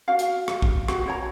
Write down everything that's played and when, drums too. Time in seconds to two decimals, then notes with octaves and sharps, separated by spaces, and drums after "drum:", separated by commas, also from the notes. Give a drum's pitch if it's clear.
0.08 F#4 F5
0.19 drum: hi-hat
0.48 drum: rim click
0.62 drum: kick
0.88 F#4, drum: rim click
1.06 F#4 C#5 A#5